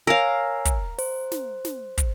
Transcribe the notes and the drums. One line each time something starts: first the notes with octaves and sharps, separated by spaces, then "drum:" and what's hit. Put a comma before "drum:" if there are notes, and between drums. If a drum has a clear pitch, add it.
A#4 C#5 F5 G#5 E6
drum: kick, hi-hat
C5, drum: open hi-hat
drum: snare
drum: snare
drum: kick, hi-hat